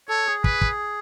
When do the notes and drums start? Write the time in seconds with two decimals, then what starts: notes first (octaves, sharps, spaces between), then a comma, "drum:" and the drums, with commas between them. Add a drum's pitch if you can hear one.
0.09 A4 C#5
0.27 G#4
0.44 B4, drum: kick
0.61 drum: kick